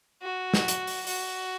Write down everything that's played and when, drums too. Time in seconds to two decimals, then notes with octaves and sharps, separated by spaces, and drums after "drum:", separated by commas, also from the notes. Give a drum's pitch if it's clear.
0.22 F#4
0.54 drum: snare
0.68 drum: hi-hat
0.87 drum: open hi-hat
1.07 F#4, drum: open hi-hat